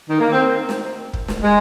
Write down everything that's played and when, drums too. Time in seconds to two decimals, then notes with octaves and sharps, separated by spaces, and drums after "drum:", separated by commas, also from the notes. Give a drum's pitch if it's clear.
0.09 D#3
0.20 A#3
0.32 C4
0.69 drum: snare
1.13 drum: kick
1.28 drum: snare
1.43 G#3